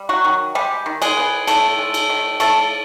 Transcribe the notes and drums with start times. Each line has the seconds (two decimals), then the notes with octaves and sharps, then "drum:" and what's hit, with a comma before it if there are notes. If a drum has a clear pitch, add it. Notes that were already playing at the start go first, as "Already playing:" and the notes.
Already playing: G3
0.09 F#3 F#4
0.25 D#3
0.55 G3 G#3 G4
0.86 D#3
1.02 G#3 G#4, drum: cymbal
1.17 B3
1.47 D#3 A3 A4, drum: cymbal
1.78 G#3
1.94 drum: cymbal
2.09 D#3
2.40 F3 A3 A4, drum: cymbal